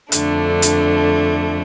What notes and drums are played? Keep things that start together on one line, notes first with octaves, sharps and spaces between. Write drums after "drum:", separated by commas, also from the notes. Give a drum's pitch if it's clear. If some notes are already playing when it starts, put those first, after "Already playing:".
F2 D3 A3 D4, drum: hi-hat
drum: hi-hat